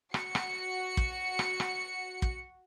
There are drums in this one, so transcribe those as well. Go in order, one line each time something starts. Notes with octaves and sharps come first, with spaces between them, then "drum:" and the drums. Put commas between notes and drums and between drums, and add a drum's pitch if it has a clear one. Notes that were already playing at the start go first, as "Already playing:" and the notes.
F#4 C#7, drum: rim click
drum: rim click
drum: kick
drum: rim click
drum: rim click
drum: kick